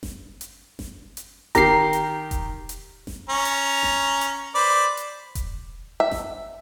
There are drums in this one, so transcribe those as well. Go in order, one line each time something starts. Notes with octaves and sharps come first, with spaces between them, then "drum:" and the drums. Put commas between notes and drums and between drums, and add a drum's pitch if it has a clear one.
drum: snare G1
drum: hi-hat
drum: snare G1
drum: hi-hat
D#3 G4 A#4 A#5 C7, drum: kick E1, hi-hat
drum: hi-hat
drum: kick E1, hi-hat
drum: hi-hat
drum: snare G1
C#4 A#5
drum: hi-hat
drum: snare G1
drum: hi-hat
B4 C5 D5
drum: hi-hat
drum: kick E1, hi-hat
E5
drum: snare G1